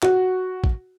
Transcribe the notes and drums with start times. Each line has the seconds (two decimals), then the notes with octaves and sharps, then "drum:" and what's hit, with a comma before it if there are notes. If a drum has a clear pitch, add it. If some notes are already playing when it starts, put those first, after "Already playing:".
0.03 F#4, drum: clap
0.64 drum: kick A1